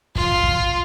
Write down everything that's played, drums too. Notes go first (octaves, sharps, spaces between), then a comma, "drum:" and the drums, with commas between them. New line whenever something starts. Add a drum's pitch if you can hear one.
F4, drum: kick
drum: kick